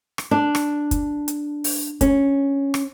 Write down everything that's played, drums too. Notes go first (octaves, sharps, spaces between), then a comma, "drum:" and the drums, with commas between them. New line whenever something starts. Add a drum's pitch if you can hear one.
drum: rim click
D4
drum: rim click
drum: kick, hi-hat
drum: hi-hat
drum: open hi-hat
C#4, drum: kick, hi-hat
drum: rim click